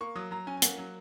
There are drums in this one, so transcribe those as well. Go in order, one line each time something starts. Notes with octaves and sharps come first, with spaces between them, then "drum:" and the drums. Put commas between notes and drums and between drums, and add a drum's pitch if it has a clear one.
A#3 C#6
F#3 D#6
F#3 A#5
C#4 G#5
G#5
A#3 F#5, drum: hi-hat
F#3